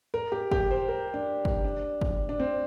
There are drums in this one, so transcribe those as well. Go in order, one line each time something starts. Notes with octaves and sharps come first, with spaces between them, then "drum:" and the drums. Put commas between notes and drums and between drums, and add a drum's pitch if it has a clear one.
A#4
G4
G4, drum: kick
C5
A#4
D4
drum: kick
D4
drum: kick
D4
C4